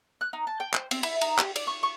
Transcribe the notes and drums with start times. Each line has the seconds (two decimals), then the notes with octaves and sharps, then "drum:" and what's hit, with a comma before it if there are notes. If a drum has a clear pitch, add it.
0.21 F#6
0.33 D#4
0.47 A5
0.60 G5
0.74 C5, drum: clap
0.91 C4, drum: cymbal
1.03 E4, drum: cymbal
1.21 D#4, drum: cymbal
1.38 G4, drum: clap
1.56 D5, drum: cymbal
1.67 C#6
1.83 C#6